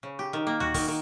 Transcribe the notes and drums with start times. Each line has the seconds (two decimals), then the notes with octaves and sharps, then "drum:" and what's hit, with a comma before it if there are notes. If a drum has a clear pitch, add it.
0.03 C#3
0.19 G4
0.33 D#3
0.47 A#3
0.60 F#4, drum: tom D2
0.74 D#3, drum: kick, open hi-hat
0.88 D#3